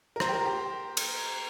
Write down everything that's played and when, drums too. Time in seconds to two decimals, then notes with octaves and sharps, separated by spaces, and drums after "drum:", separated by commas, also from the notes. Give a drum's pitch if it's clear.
0.16 A#4
0.20 C5, drum: rim click
0.29 G4
0.33 A#4
0.46 G4
0.97 drum: cymbal